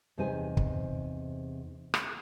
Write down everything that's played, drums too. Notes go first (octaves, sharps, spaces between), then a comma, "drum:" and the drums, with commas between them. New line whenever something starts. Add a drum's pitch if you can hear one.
E2 C3 D#4 C5 D#5 G#5
drum: kick
drum: rim click